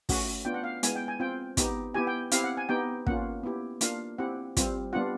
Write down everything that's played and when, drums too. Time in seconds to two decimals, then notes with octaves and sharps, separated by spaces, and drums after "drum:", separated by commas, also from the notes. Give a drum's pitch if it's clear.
0.09 A3 C#4 F#4, drum: kick, open hi-hat
0.45 B3 D4 F4 G5
0.54 F#5
0.64 F5
0.83 G#3 B3 E4 G#5, drum: hi-hat
0.96 G5
1.08 G#5
1.20 C4 F4 G5
1.57 B3 D#4 G4, drum: kick, hi-hat
1.94 B3 E4 G4 G#5
2.07 G5
2.31 C4 E4 G4 F5, drum: hi-hat
2.44 F#5
2.57 G#5
2.69 B3 D#4 G4 G5
3.07 A#3 C#4 F4 F#5, drum: kick
3.44 B3 E4 G4
3.81 A#3 D4 F4 F5, drum: hi-hat
4.18 C4 E4 G4 F#5
4.57 G3 C4 F4, drum: kick, hi-hat
4.93 G3 B3 D4 F4 F#5